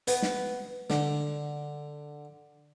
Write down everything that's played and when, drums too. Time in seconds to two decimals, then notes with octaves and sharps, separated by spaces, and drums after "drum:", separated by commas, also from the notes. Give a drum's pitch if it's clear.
0.07 B3, drum: hi-hat
0.22 drum: snare
0.90 D3, drum: snare